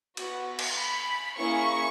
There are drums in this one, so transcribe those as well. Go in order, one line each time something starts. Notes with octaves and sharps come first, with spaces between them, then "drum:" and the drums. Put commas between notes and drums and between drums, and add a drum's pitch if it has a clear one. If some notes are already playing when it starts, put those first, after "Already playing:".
B3 F#4, drum: cymbal
drum: cymbal
B5
A#3 C#4 E4 G#4 C#6